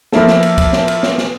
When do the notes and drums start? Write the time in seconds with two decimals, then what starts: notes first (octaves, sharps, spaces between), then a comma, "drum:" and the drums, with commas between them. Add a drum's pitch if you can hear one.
0.12 F3 A#3 E4 A4, drum: snare
0.28 drum: snare
0.43 drum: cymbal
0.58 drum: kick, cymbal
0.73 drum: snare
0.88 drum: cymbal
1.03 drum: snare
1.18 drum: snare